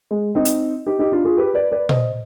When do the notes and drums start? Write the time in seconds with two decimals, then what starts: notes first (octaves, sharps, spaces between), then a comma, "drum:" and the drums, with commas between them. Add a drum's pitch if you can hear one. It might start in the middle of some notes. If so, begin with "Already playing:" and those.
0.11 G#3
0.35 C4 D#4
0.45 drum: hi-hat
0.86 D#4 G4
0.99 D#4 G4
1.12 D4 F4
1.24 F4 G#4
1.37 G4 B4
1.54 B4 D5
1.72 B4 D5
1.89 C5 D#5, drum: tom A#2